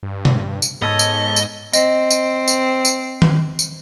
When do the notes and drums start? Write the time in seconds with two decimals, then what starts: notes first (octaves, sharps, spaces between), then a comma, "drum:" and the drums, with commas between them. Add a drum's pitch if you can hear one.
0.03 G2
0.25 drum: tom B2
0.62 drum: tambourine
0.82 G#2 B3 A4 C#5 D#5
0.99 drum: tambourine
1.36 drum: tambourine
1.73 C4 D#5, drum: tambourine
2.11 drum: tambourine
2.48 drum: tambourine
2.85 drum: tambourine
3.22 drum: tom D#3
3.59 drum: tambourine